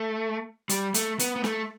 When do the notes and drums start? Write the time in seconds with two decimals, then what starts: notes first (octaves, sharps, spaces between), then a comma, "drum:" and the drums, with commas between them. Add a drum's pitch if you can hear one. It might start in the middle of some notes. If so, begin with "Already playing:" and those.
Already playing: A3
0.69 G3, drum: hi-hat
0.94 A3, drum: hi-hat
1.19 B3, drum: hi-hat
1.36 B3
1.44 A3, drum: snare